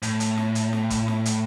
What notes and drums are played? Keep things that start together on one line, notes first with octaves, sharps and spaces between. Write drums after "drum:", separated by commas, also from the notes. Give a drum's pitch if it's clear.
A2, drum: hi-hat
drum: hi-hat
drum: snare
drum: hi-hat
drum: snare
drum: kick, hi-hat
drum: snare
drum: hi-hat